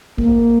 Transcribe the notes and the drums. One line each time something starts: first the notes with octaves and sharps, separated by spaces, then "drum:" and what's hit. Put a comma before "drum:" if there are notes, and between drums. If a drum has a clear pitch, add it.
A#3, drum: kick